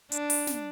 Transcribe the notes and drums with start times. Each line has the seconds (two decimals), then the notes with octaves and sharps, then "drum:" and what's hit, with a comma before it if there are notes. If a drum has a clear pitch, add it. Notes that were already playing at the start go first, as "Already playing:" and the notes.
0.12 D4, drum: hi-hat
0.30 drum: open hi-hat
0.47 drum: snare